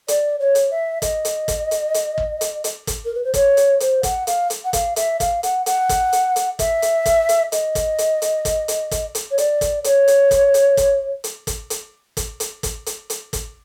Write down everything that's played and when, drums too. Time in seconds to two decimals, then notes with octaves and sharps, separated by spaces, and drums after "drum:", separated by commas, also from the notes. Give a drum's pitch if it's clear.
0.08 D5, drum: hi-hat
0.40 C#5
0.55 drum: hi-hat
0.71 E5
1.02 D#5, drum: kick, hi-hat
1.25 drum: hi-hat
1.48 drum: kick, hi-hat
1.71 drum: hi-hat
1.94 drum: hi-hat
2.18 drum: kick
2.41 drum: hi-hat
2.64 drum: hi-hat
2.87 drum: kick, hi-hat
3.05 A#4
3.15 B4
3.24 C5
3.34 C#5, drum: kick, hi-hat
3.57 drum: hi-hat
3.80 C5, drum: hi-hat
4.03 F#5, drum: kick, hi-hat
4.27 F5, drum: hi-hat
4.50 drum: hi-hat
4.65 F#5
4.73 F5, drum: kick, hi-hat
4.96 E5, drum: hi-hat
5.20 F5, drum: kick, hi-hat
5.43 F#5, drum: hi-hat
5.66 F#5, drum: hi-hat
5.89 drum: kick, hi-hat
6.13 drum: hi-hat
6.36 drum: hi-hat
6.59 E5, drum: kick, hi-hat
6.82 drum: hi-hat
7.06 drum: kick, hi-hat
7.29 drum: hi-hat
7.52 D#5, drum: hi-hat
7.75 drum: kick, hi-hat
7.98 drum: hi-hat
8.22 drum: hi-hat
8.45 drum: kick, hi-hat
8.68 drum: hi-hat
8.91 drum: kick, hi-hat
9.15 drum: hi-hat
9.31 C#5
9.38 D5, drum: hi-hat
9.61 drum: kick, hi-hat
9.84 C#5, drum: hi-hat
10.08 drum: hi-hat
10.31 drum: kick, hi-hat
10.54 drum: hi-hat
10.77 drum: kick, hi-hat
11.24 drum: hi-hat
11.47 drum: kick, hi-hat
11.70 drum: hi-hat
12.17 drum: kick, hi-hat
12.40 drum: hi-hat
12.63 drum: kick, hi-hat
12.86 drum: hi-hat
13.10 drum: hi-hat
13.33 drum: kick, hi-hat